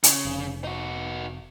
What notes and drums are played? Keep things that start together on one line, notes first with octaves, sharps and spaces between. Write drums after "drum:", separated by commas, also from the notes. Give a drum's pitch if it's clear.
C#3, drum: hi-hat
F1
D#4 F#4